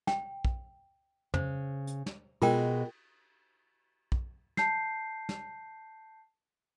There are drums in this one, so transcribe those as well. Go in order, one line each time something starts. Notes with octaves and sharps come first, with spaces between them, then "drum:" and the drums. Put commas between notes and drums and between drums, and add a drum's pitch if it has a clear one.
G5, drum: snare
drum: kick
C#3 C5, drum: tom
drum: hi-hat
drum: snare
B2 G#3 F4 A#4 G5, drum: cymbal
drum: kick
A5 G6 C7, drum: snare
drum: snare